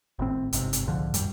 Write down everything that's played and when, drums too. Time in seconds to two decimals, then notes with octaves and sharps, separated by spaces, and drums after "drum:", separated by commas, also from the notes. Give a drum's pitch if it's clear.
0.19 G#1 A2 C4
0.53 G1 G#2 C3, drum: hi-hat
0.73 drum: hi-hat
0.87 C2 G#2 D3 F3
1.14 D#1 F#2 G3, drum: hi-hat